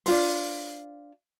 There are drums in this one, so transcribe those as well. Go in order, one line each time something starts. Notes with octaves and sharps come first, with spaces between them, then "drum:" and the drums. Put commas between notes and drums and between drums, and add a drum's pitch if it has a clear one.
D4 F4 C5, drum: open hi-hat